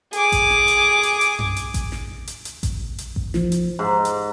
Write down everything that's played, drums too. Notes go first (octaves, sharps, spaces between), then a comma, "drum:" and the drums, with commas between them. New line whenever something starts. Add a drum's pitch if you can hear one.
G#4 D6, drum: hi-hat
drum: kick A1, hi-hat
drum: snare
drum: hi-hat
drum: hi-hat
drum: hi-hat
drum: tom F#2
drum: hi-hat
drum: kick A1, hi-hat
drum: snare
drum: hi-hat
drum: hi-hat
drum: kick A1, hi-hat
drum: hi-hat
drum: kick A1
F3, drum: snare
drum: hi-hat
G#2
drum: hi-hat